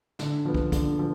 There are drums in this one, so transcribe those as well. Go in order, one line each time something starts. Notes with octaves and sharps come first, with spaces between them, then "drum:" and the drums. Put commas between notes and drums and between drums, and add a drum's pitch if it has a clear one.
D3, drum: snare
F3 B3
drum: kick
D3, drum: kick, hi-hat
F3